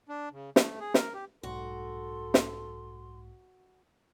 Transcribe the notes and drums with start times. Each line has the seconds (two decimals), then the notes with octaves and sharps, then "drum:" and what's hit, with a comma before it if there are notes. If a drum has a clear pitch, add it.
0.09 D4
0.32 C#3
0.56 A3, drum: snare
0.80 G#4
0.94 A#4, drum: snare
1.14 G4
1.43 B1 G#2 F#4 A4 C6
2.34 drum: snare